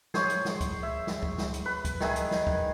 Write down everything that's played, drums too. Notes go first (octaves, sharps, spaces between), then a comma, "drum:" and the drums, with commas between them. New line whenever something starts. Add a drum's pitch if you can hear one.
G#4 C5 C#5, drum: snare
drum: hi-hat
drum: snare
drum: kick C#2, hi-hat
E5
drum: snare
drum: kick C#2
drum: snare
drum: hi-hat
B4
drum: kick C#2, hi-hat
D#3 G#4 E5 G#5, drum: snare
drum: hi-hat
drum: snare
drum: kick C#2